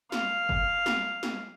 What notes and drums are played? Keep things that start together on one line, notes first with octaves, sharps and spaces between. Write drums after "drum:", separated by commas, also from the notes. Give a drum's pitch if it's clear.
F5, drum: snare
drum: kick F#1
drum: snare
drum: snare